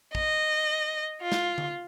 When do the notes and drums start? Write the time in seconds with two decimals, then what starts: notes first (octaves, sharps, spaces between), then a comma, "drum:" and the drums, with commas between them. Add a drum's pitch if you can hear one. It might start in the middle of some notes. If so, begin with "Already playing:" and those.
0.15 D#5, drum: kick
1.22 F4
1.32 drum: snare
1.58 drum: tom D3